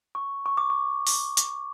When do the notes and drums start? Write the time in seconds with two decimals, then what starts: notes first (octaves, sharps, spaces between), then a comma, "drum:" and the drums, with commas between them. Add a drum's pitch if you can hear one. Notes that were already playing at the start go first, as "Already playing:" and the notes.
0.15 C#6
0.46 C#6
0.57 D6
0.70 C#6
1.07 drum: open hi-hat
1.37 drum: hi-hat